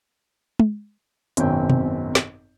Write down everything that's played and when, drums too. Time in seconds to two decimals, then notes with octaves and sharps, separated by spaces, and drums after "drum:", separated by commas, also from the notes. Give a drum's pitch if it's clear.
0.59 drum: tom
1.37 G#1 F#2 B2 C4 C#5 G5, drum: hi-hat
1.70 drum: tom B2
2.15 drum: snare